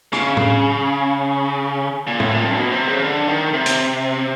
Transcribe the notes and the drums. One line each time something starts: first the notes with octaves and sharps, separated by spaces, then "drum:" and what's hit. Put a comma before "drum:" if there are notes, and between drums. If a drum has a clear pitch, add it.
C#3, drum: rim click
drum: tom
A#2
A2, drum: tom
A#2
F2
B2
C3
C#3
D3
D#3
C3
drum: hi-hat